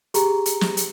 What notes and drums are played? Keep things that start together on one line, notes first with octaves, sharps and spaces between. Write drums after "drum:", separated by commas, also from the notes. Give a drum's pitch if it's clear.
G4 G#4 A#5, drum: hi-hat
drum: hi-hat
drum: snare
drum: hi-hat